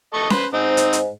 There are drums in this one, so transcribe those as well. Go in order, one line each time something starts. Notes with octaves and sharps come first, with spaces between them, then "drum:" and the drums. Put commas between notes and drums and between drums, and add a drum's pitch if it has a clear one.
A4 D#5 C#6
B4 C5, drum: snare C#4
G#2 C4 D#4
drum: hi-hat
drum: hi-hat